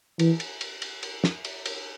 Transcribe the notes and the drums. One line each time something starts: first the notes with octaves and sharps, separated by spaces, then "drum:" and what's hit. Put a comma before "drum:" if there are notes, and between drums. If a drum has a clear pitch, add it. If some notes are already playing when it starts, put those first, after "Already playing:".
E3, drum: cymbal
drum: cymbal
drum: cymbal
drum: cymbal
drum: cymbal
drum: snare
drum: cymbal
drum: cymbal